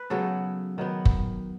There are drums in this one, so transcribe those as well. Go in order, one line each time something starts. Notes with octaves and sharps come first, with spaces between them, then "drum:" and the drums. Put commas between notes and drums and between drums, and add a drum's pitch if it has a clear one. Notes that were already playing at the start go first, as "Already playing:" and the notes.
Already playing: B4
C#3 F#3 B3 A4
D#3 F#3 B3
drum: kick F#1